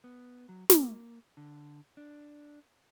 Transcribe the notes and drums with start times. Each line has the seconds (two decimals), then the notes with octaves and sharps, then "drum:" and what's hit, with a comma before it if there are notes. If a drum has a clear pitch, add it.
0.04 B3
0.49 F#3
0.70 A#3, drum: snare
1.37 D3
1.97 D4